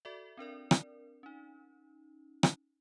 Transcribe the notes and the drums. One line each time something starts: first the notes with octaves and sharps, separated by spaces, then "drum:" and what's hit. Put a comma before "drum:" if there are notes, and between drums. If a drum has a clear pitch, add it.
F#4 A4 D5 E5
C4 D4 A#4 D5
drum: rim click
C#4 D#4
drum: rim click